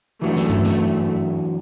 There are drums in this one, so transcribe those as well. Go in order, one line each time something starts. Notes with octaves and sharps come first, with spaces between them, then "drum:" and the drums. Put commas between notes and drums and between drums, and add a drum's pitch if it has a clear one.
F#2 E3 F#3 A3 D4
drum: snare
drum: tom G2
drum: snare